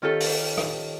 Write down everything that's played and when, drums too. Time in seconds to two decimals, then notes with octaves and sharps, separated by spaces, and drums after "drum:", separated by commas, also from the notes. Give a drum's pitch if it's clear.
0.02 D#3 C#4 F4 G4 A4
0.20 drum: open hi-hat
0.57 drum: rim click